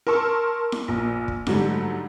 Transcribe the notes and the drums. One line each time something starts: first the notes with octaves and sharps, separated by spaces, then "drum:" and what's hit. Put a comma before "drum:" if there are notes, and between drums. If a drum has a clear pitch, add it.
A#4 A5 C6 C#6 E6
drum: snare E4
A#1 A#2
drum: kick
G#2 D3 F#3 G3 A3, drum: snare E4